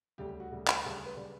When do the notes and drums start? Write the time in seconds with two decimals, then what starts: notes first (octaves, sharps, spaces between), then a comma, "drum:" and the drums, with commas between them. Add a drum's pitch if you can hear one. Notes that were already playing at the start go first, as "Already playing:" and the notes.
0.18 D2 C#3 G3 G4
0.29 G4
0.40 F#4
0.51 D2 C#3 G3
0.67 drum: clap
0.84 D2 C#3 G3 G4
1.06 B4
1.16 C#3 G3 D5